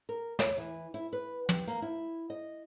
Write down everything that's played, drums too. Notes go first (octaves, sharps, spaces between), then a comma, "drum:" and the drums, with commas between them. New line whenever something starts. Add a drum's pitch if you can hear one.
A#4
C#5, drum: snare
E3
E4
B4
G4, drum: tom
A#3, drum: hi-hat
E4
D#5